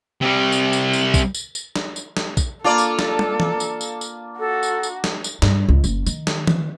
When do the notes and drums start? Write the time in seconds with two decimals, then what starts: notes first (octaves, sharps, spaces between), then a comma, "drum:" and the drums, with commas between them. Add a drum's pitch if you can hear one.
0.21 C3 G3
0.52 drum: tambourine
0.73 drum: tambourine
0.93 drum: tambourine
1.14 drum: kick, tambourine
1.34 drum: tambourine
1.55 drum: tambourine
1.76 drum: snare
1.96 drum: tambourine
2.17 drum: snare
2.37 drum: kick, tambourine
2.64 A#3 D4 F4 A4 D5
2.78 drum: tambourine
2.99 drum: snare
3.19 drum: tom
3.40 drum: tom
3.60 drum: tambourine
3.81 drum: tambourine
4.01 drum: tambourine
4.39 F#4 A4
4.63 drum: tambourine
4.83 drum: tambourine
5.04 drum: snare
5.24 drum: tambourine
5.42 G2, drum: snare
5.69 C#2
5.84 F#1, drum: tambourine
6.06 D#3, drum: tambourine
6.27 drum: snare
6.47 drum: tom